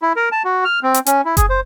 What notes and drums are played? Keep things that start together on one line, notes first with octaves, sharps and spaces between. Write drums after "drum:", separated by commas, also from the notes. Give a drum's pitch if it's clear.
E4
A#4
A5
F#4
F6
C4
drum: hi-hat
C#4, drum: hi-hat
E4
G#4, drum: kick F#1, hi-hat
C5